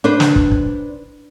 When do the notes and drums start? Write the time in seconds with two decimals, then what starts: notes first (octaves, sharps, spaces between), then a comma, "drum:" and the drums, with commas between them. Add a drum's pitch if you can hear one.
0.04 D4 B4 C5
0.20 drum: snare
0.36 drum: kick
0.51 drum: kick